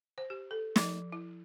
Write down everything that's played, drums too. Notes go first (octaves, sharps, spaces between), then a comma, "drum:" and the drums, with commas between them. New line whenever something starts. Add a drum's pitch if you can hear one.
C5
G4
A4
F3, drum: snare
E4